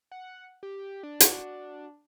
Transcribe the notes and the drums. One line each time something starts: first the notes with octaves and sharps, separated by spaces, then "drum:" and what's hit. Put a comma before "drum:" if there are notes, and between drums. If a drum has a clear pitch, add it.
F#5
G4
D4
F#4, drum: hi-hat